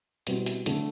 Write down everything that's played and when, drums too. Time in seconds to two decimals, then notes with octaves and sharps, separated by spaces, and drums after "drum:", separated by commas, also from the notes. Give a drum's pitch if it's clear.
0.27 B2 G3 C4 E4, drum: hi-hat
0.46 drum: hi-hat
0.66 D3 A3 C4, drum: hi-hat